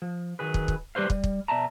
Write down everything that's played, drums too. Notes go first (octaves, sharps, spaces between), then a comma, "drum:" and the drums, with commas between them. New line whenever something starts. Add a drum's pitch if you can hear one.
F3
D#3 F#3 G#4 B4
drum: kick
drum: kick
G3 G4 B4 C5 F5
G3, drum: kick
drum: kick
B2 D5 E5 A5 A#5